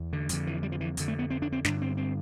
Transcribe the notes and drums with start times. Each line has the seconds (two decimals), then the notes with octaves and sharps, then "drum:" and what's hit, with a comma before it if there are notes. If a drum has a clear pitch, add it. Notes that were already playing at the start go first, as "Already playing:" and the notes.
Already playing: E2
0.13 D3
0.29 F2 D3, drum: hi-hat
0.47 E3
0.63 G3
0.72 F3
0.81 E3
0.97 F2 D3, drum: hi-hat
1.08 A3
1.19 B3
1.30 C4
1.42 D4
1.52 C4
1.65 G2 D3 D4, drum: snare
1.82 C4
1.97 C4